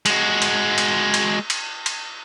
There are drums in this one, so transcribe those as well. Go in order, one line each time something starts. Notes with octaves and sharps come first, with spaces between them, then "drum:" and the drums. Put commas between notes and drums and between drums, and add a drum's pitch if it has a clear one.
G#3 F#4, drum: cymbal
drum: cymbal
drum: cymbal
drum: cymbal
drum: cymbal
drum: cymbal